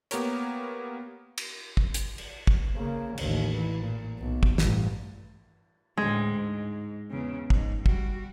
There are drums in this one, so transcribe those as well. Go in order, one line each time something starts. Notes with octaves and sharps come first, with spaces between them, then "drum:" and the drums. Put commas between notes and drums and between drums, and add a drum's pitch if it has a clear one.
A#3 B3 G4 A#4 C#5, drum: hi-hat
drum: cymbal
drum: kick
drum: hi-hat
drum: cymbal
drum: kick
C#3 A#3
A1 D#2, drum: cymbal
E3
A#2
B1
drum: kick
A1 G2, drum: snare
D2 A2 G#3
G#2
E2 C#3
G#2, drum: kick
G3 F#4, drum: kick